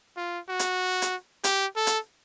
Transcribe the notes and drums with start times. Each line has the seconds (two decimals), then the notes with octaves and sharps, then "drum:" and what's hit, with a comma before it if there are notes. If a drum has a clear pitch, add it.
0.17 F4
0.49 F#4
0.59 drum: hi-hat
1.02 drum: hi-hat
1.44 G4, drum: hi-hat
1.76 A4
1.87 drum: hi-hat